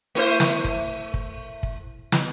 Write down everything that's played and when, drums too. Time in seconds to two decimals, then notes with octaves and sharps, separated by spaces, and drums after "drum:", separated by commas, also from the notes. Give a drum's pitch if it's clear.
0.15 A3 E4 C5
0.40 drum: snare
0.64 drum: kick
1.14 drum: kick
1.63 drum: kick
2.12 drum: snare